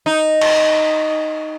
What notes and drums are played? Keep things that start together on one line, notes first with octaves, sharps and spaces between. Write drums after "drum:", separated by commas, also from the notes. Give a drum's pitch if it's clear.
D#4
drum: cymbal